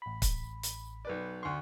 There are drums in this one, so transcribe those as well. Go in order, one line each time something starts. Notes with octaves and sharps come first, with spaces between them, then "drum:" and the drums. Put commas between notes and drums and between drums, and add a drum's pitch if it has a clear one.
A1 B5
drum: kick, hi-hat
drum: hi-hat
B1 B4 D5
D2 C6 C#6